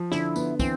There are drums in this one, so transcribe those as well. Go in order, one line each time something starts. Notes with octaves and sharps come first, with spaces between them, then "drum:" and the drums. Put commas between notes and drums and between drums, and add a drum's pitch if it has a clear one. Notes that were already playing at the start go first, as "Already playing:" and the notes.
Already playing: F3
D3 E4, drum: snare
B3, drum: tambourine
E3 C4, drum: kick, tambourine